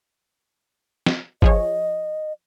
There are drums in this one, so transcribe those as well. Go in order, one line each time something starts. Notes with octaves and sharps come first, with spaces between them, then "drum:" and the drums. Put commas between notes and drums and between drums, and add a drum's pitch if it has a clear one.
drum: snare
F3 G#4 C#5 D#5, drum: kick